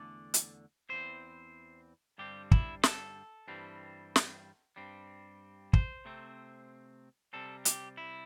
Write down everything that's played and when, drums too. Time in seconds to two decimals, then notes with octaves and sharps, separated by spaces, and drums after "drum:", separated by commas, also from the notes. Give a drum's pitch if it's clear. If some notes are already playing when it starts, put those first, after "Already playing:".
Already playing: E2 D3 A3 D5
0.34 drum: hi-hat
0.89 E2 E3 C4 C5
2.18 G2 D3 G3 C4 G4
2.51 E4, drum: kick
2.83 A4, drum: snare
3.48 G2 E3 G3 C4
4.16 drum: snare
4.76 G2 G3 C4
5.73 C5, drum: kick
6.05 C3 A3 C4
7.33 C3 G3 C4 A4
7.65 G4, drum: hi-hat
7.97 E4